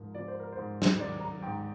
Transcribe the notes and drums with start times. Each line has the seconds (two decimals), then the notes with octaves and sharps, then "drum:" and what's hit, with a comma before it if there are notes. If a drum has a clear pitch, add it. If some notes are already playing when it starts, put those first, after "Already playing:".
Already playing: G#2 F3 A#4
0.15 F3 D5
0.28 C5
0.40 A#4
0.52 C5
0.58 G#2
0.82 drum: snare
0.99 D#3 D5
1.20 A#5
1.42 G#2 G5